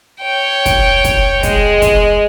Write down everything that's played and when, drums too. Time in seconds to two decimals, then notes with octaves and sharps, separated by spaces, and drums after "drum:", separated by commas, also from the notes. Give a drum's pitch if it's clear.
0.22 C#5 G5
0.66 drum: kick, hi-hat
1.04 drum: kick, hi-hat
1.43 G#3, drum: kick, hi-hat
1.82 drum: kick, hi-hat